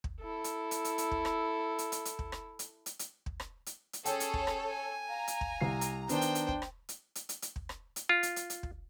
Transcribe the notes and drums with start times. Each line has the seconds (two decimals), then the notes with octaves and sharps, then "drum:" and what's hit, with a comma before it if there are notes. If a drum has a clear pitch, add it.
0.04 drum: kick
0.21 E4 A4
0.44 drum: hi-hat
0.71 drum: hi-hat
0.85 drum: hi-hat
0.98 drum: hi-hat
1.11 drum: kick
1.25 drum: rim click
1.79 drum: hi-hat
1.92 drum: hi-hat
2.05 drum: hi-hat
2.19 drum: kick
2.32 drum: rim click
2.59 drum: hi-hat
2.86 drum: hi-hat
2.99 drum: hi-hat
3.26 drum: kick
3.40 drum: rim click
3.66 drum: hi-hat
3.93 drum: hi-hat
4.05 C#4 G#4 A4 C#5 G5, drum: hi-hat
4.20 drum: hi-hat
4.34 drum: kick
4.47 drum: rim click
4.69 G#5
5.09 F5 A#5
5.28 drum: hi-hat
5.41 drum: kick
5.61 C2 C7
5.81 drum: hi-hat
6.09 D#3 B3 D4 C5 G5, drum: hi-hat
6.21 drum: hi-hat
6.35 drum: hi-hat
6.48 drum: kick
6.62 drum: rim click
6.89 drum: hi-hat
7.15 drum: hi-hat
7.29 drum: hi-hat
7.42 drum: hi-hat
7.56 drum: kick
7.69 drum: rim click
7.96 drum: hi-hat
8.09 F4
8.23 drum: hi-hat
8.36 drum: hi-hat
8.50 drum: hi-hat
8.63 drum: kick